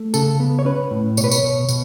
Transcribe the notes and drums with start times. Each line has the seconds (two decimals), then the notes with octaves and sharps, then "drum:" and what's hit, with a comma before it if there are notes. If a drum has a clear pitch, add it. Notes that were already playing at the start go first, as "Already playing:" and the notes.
Already playing: A3
0.14 C#3 A4, drum: tambourine
0.40 B3
0.59 C#5
0.65 C#4 B4
0.91 A2
1.17 B2 C#5, drum: tambourine
1.24 B4
1.31 C#5, drum: tambourine
1.43 B2
1.69 B2, drum: tambourine